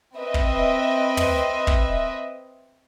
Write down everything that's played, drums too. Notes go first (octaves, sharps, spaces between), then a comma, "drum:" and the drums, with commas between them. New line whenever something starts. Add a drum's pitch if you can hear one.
C4 B4 D#5 E5
drum: kick
drum: tom
drum: kick